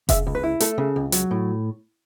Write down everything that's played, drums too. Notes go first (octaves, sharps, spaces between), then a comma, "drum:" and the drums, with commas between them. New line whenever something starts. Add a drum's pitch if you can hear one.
C#3 E5, drum: kick F1, hi-hat
C#2
B4
E4
A3 A4, drum: hi-hat
C#3
C#2
F#3, drum: hi-hat
A2